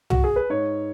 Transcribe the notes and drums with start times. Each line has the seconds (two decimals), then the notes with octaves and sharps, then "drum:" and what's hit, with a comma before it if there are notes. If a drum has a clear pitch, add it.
0.10 F#4, drum: tom C2
0.24 G#4
0.36 B4
0.50 G#2 C#5